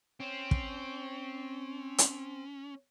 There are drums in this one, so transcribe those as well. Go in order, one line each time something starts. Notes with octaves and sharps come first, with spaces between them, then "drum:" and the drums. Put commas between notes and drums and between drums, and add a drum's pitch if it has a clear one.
C4 C#4
drum: kick
drum: hi-hat